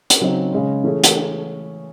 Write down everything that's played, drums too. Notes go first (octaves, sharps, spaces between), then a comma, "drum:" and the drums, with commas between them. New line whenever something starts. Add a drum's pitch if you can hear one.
drum: hi-hat
C#3 F#3 C4 D#4
C#3 G#3 C#4
E3 A3 C#4 G#4
drum: hi-hat